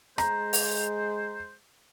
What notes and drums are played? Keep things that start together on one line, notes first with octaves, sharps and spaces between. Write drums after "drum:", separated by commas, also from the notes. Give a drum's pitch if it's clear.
G#3 C5 A#5, drum: rim click
drum: open hi-hat